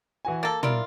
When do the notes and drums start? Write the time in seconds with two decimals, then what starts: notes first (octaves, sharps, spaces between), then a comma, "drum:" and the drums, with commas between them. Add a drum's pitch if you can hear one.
0.25 E3 F#4 G#5
0.43 A#3 A4 A6
0.63 E4 F4 A#4 D5 D7, drum: tom A#2